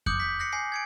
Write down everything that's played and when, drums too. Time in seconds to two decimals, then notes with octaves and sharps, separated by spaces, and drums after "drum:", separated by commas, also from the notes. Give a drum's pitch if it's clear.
0.06 D6 D#6 F#6 G6 C#7 F#7, drum: kick F2
0.20 G6 B6
0.39 F#6 A#6 C7 C#7
0.52 G#5 A#6 C7
0.72 G#6 C#7 D7